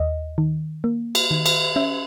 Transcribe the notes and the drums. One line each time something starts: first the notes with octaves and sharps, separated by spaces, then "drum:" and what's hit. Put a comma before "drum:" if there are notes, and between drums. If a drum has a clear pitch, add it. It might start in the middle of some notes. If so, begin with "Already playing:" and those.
Already playing: D#2 D#5
D#3
A#3
drum: cymbal
D#3
drum: cymbal
C#4 E5